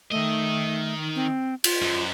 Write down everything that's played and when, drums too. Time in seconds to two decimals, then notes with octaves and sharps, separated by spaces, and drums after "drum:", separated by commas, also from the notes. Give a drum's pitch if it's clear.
0.11 D#3 A3 D#5
1.15 C4
1.64 F4, drum: cymbal
1.82 F#2